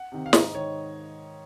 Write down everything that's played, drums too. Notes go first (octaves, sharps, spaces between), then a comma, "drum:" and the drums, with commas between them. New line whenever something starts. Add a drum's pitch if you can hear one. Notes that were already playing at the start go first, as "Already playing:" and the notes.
Already playing: F#5
C3 D#3
F5
G#2 D#5, drum: snare
D#3 C#5